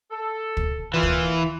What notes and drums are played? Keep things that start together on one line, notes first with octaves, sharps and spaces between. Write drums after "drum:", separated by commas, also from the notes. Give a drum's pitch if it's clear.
A4
drum: kick
A#2 E3 F4
drum: kick